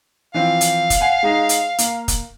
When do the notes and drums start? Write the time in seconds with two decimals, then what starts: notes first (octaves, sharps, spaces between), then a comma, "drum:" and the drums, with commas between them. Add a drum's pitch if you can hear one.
0.34 E3 F3 C4 F5
0.61 drum: hi-hat
0.90 drum: kick, hi-hat
1.01 F#5 G#5
1.23 G#3 D#4 G#4
1.49 drum: hi-hat
1.78 A#3, drum: hi-hat
2.08 drum: kick, hi-hat